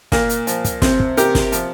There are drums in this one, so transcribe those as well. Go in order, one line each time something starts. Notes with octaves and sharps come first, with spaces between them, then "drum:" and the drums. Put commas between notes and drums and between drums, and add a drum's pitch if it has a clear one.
A#2 A#3, drum: snare
drum: hi-hat
F3, drum: hi-hat
drum: kick, hi-hat
C3 C4, drum: snare
drum: kick
C3 G4 A#4, drum: hi-hat
drum: snare
F3, drum: hi-hat